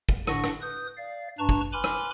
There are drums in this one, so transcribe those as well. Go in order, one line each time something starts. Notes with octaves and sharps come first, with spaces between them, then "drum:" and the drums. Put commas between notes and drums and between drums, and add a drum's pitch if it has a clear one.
drum: kick
A2 D3 D4 F#5 C#6 A#6, drum: rim click
drum: rim click
B4 D#6 G6
D5 F5
G2 D4 B4 A5 A#5 C#6
drum: kick
B4 G#5 B5 C6 D6 F6
drum: rim click